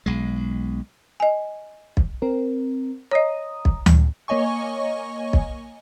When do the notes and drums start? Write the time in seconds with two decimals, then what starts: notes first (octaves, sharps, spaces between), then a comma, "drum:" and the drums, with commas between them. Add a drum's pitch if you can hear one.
0.06 B1 G#3
1.20 D#5 G#5
1.97 drum: kick
2.22 C4 A#4
3.11 C#5 D#5 A#5 D#6
3.65 drum: kick
3.86 drum: tom D2
4.28 A#3 C#5 D#5 G#5 C#6
5.33 drum: kick